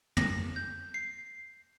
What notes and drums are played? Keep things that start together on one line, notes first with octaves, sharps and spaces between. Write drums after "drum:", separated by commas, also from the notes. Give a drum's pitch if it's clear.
A#6, drum: tom
G6
C7